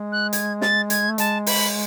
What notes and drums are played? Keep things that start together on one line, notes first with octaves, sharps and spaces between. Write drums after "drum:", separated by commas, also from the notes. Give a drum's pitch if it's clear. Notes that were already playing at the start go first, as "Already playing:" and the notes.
Already playing: G#3
F#6
G#6, drum: hi-hat
A6, drum: snare
G#6, drum: hi-hat
A3
G#3 A5, drum: hi-hat
B5, drum: open hi-hat